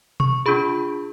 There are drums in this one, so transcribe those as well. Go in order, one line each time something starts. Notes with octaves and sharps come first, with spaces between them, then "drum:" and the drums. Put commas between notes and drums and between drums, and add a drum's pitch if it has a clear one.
C#6, drum: tom B2
D4 F4 G#4 B5